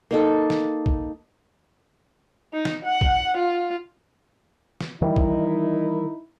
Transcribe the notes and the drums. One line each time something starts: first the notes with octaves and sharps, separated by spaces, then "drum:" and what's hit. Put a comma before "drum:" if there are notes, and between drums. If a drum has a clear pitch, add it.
A#3 D#4 A4
drum: snare
drum: kick B1
D#4
drum: snare
F#5
drum: kick B1
F4
drum: snare
D#3 E3 G3 D#4 E4
drum: kick B1